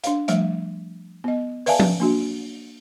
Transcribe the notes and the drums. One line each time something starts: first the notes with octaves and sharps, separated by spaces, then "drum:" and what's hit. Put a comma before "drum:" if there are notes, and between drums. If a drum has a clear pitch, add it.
D4 F5, drum: hi-hat
F3 G3 A3 E5, drum: hi-hat
B3 D#5
B4 D5 E5 F5 G#5 A5, drum: open hi-hat
drum: tom F3
A#3 D4 F#4